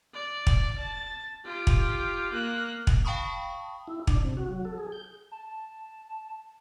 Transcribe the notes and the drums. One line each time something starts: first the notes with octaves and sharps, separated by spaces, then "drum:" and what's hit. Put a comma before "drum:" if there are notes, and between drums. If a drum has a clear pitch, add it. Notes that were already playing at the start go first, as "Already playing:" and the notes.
D5
drum: kick
A5 A6
F4 G4
drum: kick
A#3 F#6
drum: kick
F5 G5 A5 B5 C#6 D#6
E4
D4, drum: kick
C3
F#4
F#3
A4
G#4
G6
A5